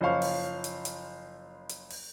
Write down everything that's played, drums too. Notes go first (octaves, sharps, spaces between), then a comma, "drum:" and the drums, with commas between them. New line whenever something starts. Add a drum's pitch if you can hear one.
F#1 F3 C#4 C5 F5 C#6
drum: open hi-hat
drum: hi-hat
drum: hi-hat
drum: hi-hat
drum: open hi-hat